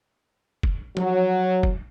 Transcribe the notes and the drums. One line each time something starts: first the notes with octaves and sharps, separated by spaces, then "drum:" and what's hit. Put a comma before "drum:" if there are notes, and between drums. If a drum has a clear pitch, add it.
drum: kick
F#3, drum: tom F3
drum: kick